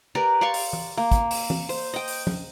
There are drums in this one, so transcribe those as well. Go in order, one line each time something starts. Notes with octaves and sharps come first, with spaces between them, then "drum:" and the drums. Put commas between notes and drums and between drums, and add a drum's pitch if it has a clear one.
G4 A#4 B4 D5
D5 F5 C6 C#6
drum: open hi-hat
drum: tom E3
A#3
drum: kick, hi-hat
drum: open hi-hat
drum: tom E3
C5, drum: open hi-hat
D#5 G5
drum: open hi-hat
drum: tom